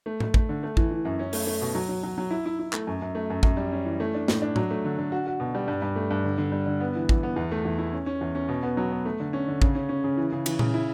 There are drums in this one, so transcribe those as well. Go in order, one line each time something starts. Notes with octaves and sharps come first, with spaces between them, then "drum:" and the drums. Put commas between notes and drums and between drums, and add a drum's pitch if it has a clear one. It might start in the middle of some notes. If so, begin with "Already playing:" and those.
A3
A3, drum: tom A2
A3, drum: kick A1
D3
A3
E3, drum: kick A1
E3
F#2
C#4
A3, drum: open hi-hat
A3
B2
F#3
F#3
F#3
F#3
E4
E4
E4
A3, drum: clap
F#2
F#2
A3
F#2
F#2, drum: kick A1
G3
C#4
E3
A3
D4
A2, drum: snare
D4
F#3, drum: tom A2
A3
D3
D3
F#4
F#4
B2
G3
G2
G2
A3
G2
D3
D3
G3
D3
B3
E3
E3, drum: kick A1
B3
E2
A3
E2
E4
C#4
C#4
E2
C#4
B2
B3
F#3
B3
A3
D3
C#4
D3
C#3, drum: kick A1
C#4
C#4
C#3
E3
C#3
E3, drum: cymbal
C#3, drum: tom A#2
E4